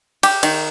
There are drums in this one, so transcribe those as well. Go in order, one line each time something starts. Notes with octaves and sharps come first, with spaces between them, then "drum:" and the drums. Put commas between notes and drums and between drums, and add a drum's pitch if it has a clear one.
G4, drum: cymbal
D#3, drum: cymbal